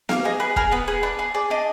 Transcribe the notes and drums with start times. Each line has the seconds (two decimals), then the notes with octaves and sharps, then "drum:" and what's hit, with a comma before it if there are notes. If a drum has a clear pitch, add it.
0.09 A#3 F5, drum: snare B3
0.25 G#4 D#5
0.40 G#4 B4
0.56 G#4 A#4, drum: kick
0.71 B3 B4
0.88 G#4 B4
1.03 D4 B4
1.19 G#4 B4
1.34 G#4 D5
1.50 D4 D#5